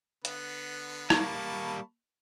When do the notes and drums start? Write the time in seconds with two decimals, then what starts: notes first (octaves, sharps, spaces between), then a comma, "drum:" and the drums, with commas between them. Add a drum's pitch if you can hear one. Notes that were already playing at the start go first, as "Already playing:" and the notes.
0.25 D3 B3 B4, drum: hi-hat
1.10 G3 A#3 A5 B5 C#6, drum: rim click